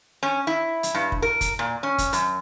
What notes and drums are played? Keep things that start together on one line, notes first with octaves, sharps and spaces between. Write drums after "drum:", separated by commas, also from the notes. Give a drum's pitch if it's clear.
C#4
E4
drum: hi-hat
G2
drum: kick
A#4
drum: kick, hi-hat
A#2
C#4
drum: kick, hi-hat
F#2, drum: hi-hat